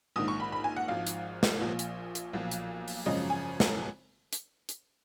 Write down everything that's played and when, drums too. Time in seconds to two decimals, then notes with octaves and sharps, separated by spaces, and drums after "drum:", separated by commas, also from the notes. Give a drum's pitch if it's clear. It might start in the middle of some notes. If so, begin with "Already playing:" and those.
0.16 A#1 G#2 D#3 D#6
0.28 C#6
0.40 B5
0.52 B5
0.64 G#5
0.76 F#5
0.88 G#1 G#2 F3 F5
1.07 drum: hi-hat
1.43 drum: snare
1.61 A#1 A#2 F3
1.79 drum: hi-hat
2.15 drum: hi-hat
2.33 B1 A#2 F3
2.51 drum: hi-hat
2.88 drum: open hi-hat
3.06 G#1 F#2 C#3 F3 D#5
3.30 G#5
3.60 drum: snare
4.33 drum: hi-hat
4.69 drum: hi-hat